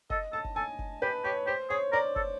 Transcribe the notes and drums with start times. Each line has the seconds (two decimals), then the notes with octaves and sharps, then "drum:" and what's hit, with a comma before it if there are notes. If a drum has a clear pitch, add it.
0.10 A4 D#5, drum: kick F#1
0.33 A4 A5
0.45 drum: kick F#1
0.56 A4 G#5
0.79 drum: kick F#1
1.02 G4 B4
1.24 G4 C#5
1.47 G4 C5
1.70 G#4 C#5
1.92 A#4 D5
2.16 A4, drum: kick F#1